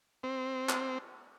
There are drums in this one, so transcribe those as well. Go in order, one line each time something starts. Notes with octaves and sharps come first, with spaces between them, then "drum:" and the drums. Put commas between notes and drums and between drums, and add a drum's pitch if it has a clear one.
C4
drum: clap